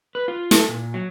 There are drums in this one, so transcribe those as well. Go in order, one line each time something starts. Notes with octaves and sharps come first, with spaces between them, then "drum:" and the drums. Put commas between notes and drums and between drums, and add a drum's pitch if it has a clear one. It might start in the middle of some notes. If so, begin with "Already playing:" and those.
B4
F4
A4, drum: snare
A#2
F#3